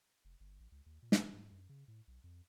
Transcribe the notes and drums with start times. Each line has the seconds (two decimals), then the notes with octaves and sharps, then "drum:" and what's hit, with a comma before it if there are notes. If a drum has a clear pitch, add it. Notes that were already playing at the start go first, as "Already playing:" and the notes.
0.25 F1
0.40 G1
0.60 A1
0.72 C#2
0.86 D#2
1.02 A#2
1.12 drum: snare
1.33 G#2
1.52 F#2
1.69 C#3
1.88 A2
2.08 B1
2.24 F2